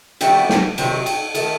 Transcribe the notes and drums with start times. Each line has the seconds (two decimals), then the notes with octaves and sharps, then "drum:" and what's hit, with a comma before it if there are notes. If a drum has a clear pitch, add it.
0.21 C3 D#3 G3 B3 F#4, drum: cymbal
0.49 drum: snare
0.78 C3 D#3 F#3, drum: cymbal
1.06 drum: cymbal
1.35 D#3 A3, drum: cymbal